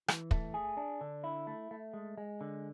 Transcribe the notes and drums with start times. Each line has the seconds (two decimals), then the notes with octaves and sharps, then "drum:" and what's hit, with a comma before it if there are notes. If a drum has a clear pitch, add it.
0.08 E3, drum: rim click
0.31 A3, drum: kick
0.54 G#4
0.77 D4
1.01 D3
1.24 E4
1.47 A3
1.71 A3
1.94 G#3
2.17 G#3
2.41 D3